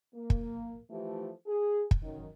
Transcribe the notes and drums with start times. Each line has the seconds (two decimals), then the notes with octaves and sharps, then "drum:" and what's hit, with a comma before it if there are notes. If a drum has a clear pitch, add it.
0.14 A#3
0.30 drum: kick
0.90 E3 F3 A3 E4 G4
1.46 G#4
1.91 drum: kick
2.03 F#2 D#3